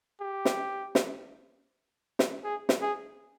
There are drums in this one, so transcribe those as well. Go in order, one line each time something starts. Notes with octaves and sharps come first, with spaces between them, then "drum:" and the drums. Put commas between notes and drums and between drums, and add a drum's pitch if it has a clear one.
G4
drum: snare
drum: snare
drum: snare
G#4
drum: snare
G#4